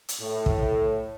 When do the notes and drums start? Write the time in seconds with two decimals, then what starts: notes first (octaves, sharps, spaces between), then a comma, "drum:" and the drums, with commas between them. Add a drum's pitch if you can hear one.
0.09 drum: hi-hat
0.21 A2
0.46 drum: kick